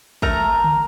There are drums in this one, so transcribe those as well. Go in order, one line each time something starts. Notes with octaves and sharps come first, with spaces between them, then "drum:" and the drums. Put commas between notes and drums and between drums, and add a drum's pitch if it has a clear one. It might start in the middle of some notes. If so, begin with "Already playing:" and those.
A3 A#4 A#5, drum: kick
drum: tom D3